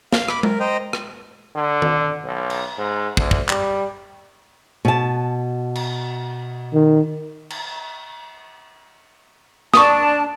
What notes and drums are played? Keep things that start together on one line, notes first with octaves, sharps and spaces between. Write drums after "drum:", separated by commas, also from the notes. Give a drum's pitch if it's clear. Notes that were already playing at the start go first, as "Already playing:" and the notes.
F5, drum: snare
B5 D6, drum: rim click
A#4, drum: tom G#3
C5 D#5 G5 A#5
drum: rim click
D3
drum: tom D#3
B1
drum: cymbal
G#2
D2, drum: kick
drum: kick
G3, drum: clap
B2 A5
drum: cymbal
D#3
drum: cymbal
D4 A5 C#6 D#6, drum: snare